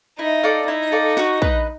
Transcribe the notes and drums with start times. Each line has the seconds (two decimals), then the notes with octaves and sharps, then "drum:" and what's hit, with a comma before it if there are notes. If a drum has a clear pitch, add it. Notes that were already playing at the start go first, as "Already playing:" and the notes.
0.19 D#4 E4
0.43 A4 D5 F5
0.68 D#4 E4
0.92 A4 D5 F5
1.17 F#4, drum: snare
1.42 B4 D#5, drum: kick